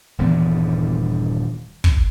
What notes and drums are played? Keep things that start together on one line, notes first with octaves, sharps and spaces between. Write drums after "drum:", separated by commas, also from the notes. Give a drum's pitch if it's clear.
D#1 G2 E3 B3
drum: kick